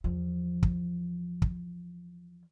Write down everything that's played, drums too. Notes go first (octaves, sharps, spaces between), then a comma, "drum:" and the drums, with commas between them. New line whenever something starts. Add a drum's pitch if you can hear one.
E2 F3
drum: kick
drum: kick